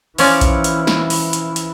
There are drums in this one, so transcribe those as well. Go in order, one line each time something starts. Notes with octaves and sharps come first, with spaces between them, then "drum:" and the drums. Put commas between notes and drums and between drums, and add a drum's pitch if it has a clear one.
E3 F3 C#4 E4 D5, drum: open hi-hat
drum: kick A#1, hi-hat
drum: hi-hat
drum: snare
drum: open hi-hat
drum: hi-hat
drum: hi-hat